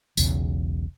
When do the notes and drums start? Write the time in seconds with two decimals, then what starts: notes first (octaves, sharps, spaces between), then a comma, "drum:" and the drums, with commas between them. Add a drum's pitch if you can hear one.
0.17 E1 B1 E2 C#3, drum: tambourine